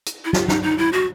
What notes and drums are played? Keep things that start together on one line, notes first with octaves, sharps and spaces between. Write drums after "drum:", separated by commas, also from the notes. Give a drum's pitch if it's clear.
drum: hi-hat
E4
F4, drum: snare
D#4, drum: snare
D#4
E4
F#4